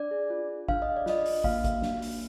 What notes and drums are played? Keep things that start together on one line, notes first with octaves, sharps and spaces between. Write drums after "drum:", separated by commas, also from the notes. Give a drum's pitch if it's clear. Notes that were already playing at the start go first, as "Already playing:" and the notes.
Already playing: D4 D5
G#4
F4
D4
D4 F5, drum: kick
G#4 D#5
D5
F4 D#5, drum: snare
D4, drum: open hi-hat
A#3 F5, drum: kick
F#4, drum: kick, hi-hat
D4, drum: snare
A#3, drum: open hi-hat